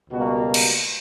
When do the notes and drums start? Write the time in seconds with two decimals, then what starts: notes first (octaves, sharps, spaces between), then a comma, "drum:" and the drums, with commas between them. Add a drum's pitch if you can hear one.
0.10 C#2 B2 G3 A#3 F#4
0.54 drum: cymbal